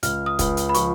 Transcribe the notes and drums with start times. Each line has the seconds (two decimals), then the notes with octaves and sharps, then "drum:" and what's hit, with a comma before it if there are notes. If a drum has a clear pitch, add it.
0.03 C#2 F6, drum: hi-hat
0.26 D#6
0.39 C#2, drum: kick, hi-hat
0.57 drum: hi-hat
0.69 B5
0.74 F3 C#6, drum: hi-hat